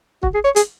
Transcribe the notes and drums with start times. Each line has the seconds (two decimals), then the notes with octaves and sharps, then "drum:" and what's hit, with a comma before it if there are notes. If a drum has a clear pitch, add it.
0.23 F#4, drum: kick
0.34 G#4
0.45 C#5
0.56 G#4, drum: hi-hat